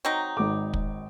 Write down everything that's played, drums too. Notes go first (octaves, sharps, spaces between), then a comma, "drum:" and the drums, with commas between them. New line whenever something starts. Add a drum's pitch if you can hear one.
F#3 C4 D#4
G#1 D6
drum: kick